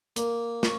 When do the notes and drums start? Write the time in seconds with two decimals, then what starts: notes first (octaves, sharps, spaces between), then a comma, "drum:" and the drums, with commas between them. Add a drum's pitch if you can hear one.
0.16 A#3, drum: hi-hat
0.63 C#4, drum: snare